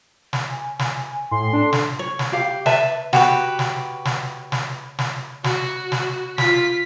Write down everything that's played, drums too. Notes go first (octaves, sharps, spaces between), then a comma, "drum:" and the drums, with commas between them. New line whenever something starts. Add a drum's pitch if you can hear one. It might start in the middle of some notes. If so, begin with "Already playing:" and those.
drum: snare
G#5
drum: snare
A2 C6
D4 A4
drum: snare
C#5
drum: snare
G4 F5
B4 E5 A5, drum: snare
F#4 G4 B4, drum: snare
drum: snare
drum: snare
drum: snare
drum: snare
F#4, drum: snare
drum: snare
F4 B6, drum: snare